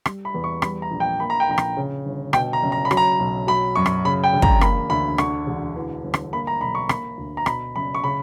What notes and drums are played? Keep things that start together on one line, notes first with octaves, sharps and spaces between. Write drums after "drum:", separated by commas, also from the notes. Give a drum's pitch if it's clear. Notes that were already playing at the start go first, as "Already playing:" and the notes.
G3, drum: rim click
B5
E2
C#6
G3 B5, drum: rim click
A#5
A#1
G5
A#3 B5
A#5
G5
A#1 A#5
drum: rim click
C#3
G1
B2 G5, drum: rim click
A#5
F#1
A#5
B5
F#3, drum: rim click
A#5
B1
F#3 B5
F#2 C#6
drum: rim click
C#3 B5
G5
E1
A#5, drum: kick
A#3 B5, drum: rim click
D2 B5
D3 C#6, drum: rim click
E1
E3
G1
drum: rim click
A#3 B5
A#5
B1 B5
C#6
A#3 B5, drum: rim click
D2
A#5
B2 B5, drum: rim click
F#1 B5
C#6
C#3 B5